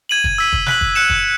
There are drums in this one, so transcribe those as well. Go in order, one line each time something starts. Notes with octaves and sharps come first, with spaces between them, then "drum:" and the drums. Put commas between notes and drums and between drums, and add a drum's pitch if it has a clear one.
G#6 D#7 F#7
drum: kick
E6 B6 D#7
drum: kick
F#6 B6 F#7, drum: snare
drum: kick
F#6 C#7 E7
drum: kick